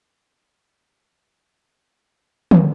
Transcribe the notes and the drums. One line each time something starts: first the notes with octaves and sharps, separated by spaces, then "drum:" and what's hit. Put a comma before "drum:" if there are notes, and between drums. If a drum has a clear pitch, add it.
D#4 F5 C6 D6
B4 G5 A#5
G#3 F4 C#5
drum: tom